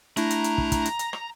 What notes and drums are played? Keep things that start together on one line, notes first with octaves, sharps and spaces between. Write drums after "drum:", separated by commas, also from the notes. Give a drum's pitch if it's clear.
A3 D4 E4 A#5, drum: hi-hat
drum: hi-hat
drum: hi-hat
drum: kick
drum: kick, hi-hat
drum: hi-hat
drum: hi-hat
drum: rim click